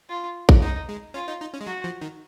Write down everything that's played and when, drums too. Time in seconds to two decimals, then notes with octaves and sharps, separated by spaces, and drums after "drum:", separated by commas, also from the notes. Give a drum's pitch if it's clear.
0.10 F4
0.49 drum: kick A#1
0.62 G#3 D#4
0.88 G#3
1.14 C#4 F4
1.28 D#4
1.41 D#4
1.54 C#4
1.61 G#3
1.67 F#3 F#4
1.84 F3
2.01 D#3